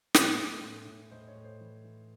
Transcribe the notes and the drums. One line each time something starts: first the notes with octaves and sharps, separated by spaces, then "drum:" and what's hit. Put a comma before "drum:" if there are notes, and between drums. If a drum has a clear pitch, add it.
A2 G#5 C6, drum: snare
A2
A2
A2
A2 C5 D#5
C#5
A2
C5
E3
E3